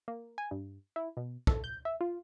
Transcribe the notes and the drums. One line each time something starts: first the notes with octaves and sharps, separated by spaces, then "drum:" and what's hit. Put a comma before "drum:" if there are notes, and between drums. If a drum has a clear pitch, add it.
A#3
G#5
G2
E4
B2
A4, drum: kick
G6
E5
F4